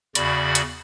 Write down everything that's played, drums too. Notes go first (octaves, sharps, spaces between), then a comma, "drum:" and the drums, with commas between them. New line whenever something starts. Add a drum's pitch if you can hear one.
E2 C#3 F#4 D5 B5, drum: hi-hat
drum: hi-hat